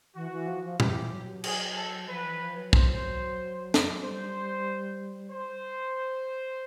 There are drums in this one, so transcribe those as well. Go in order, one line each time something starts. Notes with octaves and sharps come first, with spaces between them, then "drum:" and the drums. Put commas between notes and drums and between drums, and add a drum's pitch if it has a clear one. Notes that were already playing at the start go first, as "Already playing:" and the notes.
E3 F#4
E3
F3
F3
E3 G4, drum: tom A#2
F#3
G#4, drum: cymbal
A4
F3 B4
E3
F3
F#3
C5, drum: kick
drum: snare
G3 C5
C5